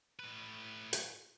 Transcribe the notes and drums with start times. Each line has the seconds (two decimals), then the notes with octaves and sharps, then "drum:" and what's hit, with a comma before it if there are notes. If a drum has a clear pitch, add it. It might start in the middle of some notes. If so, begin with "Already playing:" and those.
0.19 A2 B4
0.93 drum: hi-hat